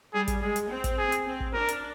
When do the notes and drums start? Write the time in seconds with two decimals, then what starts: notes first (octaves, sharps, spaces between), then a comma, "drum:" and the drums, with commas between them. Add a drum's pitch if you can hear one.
0.13 G3 G#4
0.28 drum: kick, hi-hat
0.42 G#3 G#4
0.56 drum: hi-hat
0.70 C4
0.84 drum: kick, hi-hat
0.98 G#4
1.12 drum: hi-hat
1.26 C4
1.40 drum: kick
1.54 D4 A#4
1.69 drum: hi-hat